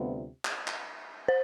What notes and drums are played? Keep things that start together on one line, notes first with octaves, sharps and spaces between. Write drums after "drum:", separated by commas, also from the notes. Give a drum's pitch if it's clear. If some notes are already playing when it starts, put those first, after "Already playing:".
Already playing: D2 C3 G3 B3 F4
drum: clap
drum: clap
C5